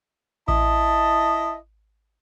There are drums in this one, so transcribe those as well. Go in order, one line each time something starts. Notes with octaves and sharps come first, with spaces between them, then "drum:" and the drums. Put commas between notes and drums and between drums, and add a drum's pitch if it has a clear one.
E4 D#5 A5, drum: kick A1